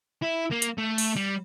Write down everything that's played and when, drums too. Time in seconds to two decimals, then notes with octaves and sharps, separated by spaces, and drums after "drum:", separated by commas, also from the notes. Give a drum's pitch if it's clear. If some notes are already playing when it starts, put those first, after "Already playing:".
0.22 E4
0.52 A#3
0.62 drum: hi-hat
0.78 A3
0.98 drum: open hi-hat
1.16 G3